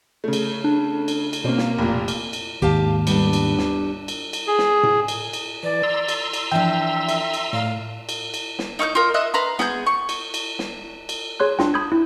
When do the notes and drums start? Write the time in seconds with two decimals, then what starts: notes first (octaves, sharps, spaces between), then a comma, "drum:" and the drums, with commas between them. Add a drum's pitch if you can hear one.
0.24 C#3 A3
0.33 drum: cymbal
0.64 D4
1.08 drum: cymbal
1.33 drum: cymbal
1.44 B2 A#3 C4 C#4
1.58 drum: snare
1.78 F1 A#2
2.08 drum: cymbal
2.33 drum: cymbal
2.62 D#2 G#2 G4 F5 A5
3.07 G3 B3 D4, drum: cymbal
3.33 drum: cymbal
3.58 drum: snare
4.08 drum: cymbal
4.33 drum: cymbal
4.47 G#4
4.58 drum: snare
4.83 drum: tom A2
5.08 drum: cymbal
5.33 drum: cymbal
5.63 E3 D5
5.83 A#5 C6 E6
6.08 drum: cymbal
6.33 drum: cymbal
6.52 E3 F3 D4 E5 G5
7.09 drum: cymbal
7.34 drum: cymbal
7.53 A2 D5 F5
8.09 drum: cymbal
8.34 drum: cymbal
8.59 drum: snare
8.79 D#4 C#6 E6 G6
8.95 F4 A#4
9.14 D#5 E5 F#6
9.34 B4 A#5 C6
9.59 B3 G#4 G6, drum: snare
9.86 C#6
10.09 drum: cymbal
10.34 drum: cymbal
10.59 drum: snare
11.09 drum: cymbal
11.40 G#4 C#5 C6 F#6
11.59 D4 F4 G5, drum: snare
11.74 B5 D#6 G6 G#6
11.92 E4